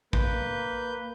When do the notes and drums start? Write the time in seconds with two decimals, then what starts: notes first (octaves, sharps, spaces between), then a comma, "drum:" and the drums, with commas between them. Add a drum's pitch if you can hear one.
0.13 A#3 B4 G6, drum: kick